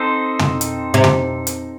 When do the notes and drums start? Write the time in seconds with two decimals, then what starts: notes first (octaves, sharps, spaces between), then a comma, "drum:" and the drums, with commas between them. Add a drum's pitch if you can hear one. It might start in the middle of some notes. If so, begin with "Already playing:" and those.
Already playing: C4 D#4 A4 C5
0.39 drum: tom
0.61 drum: hi-hat
0.94 C3
1.04 drum: tom
1.47 drum: hi-hat